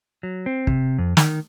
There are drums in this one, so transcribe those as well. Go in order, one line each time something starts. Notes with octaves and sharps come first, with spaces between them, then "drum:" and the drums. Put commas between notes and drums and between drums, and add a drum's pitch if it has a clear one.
F#3
C4
C3, drum: kick
F2
D#3, drum: snare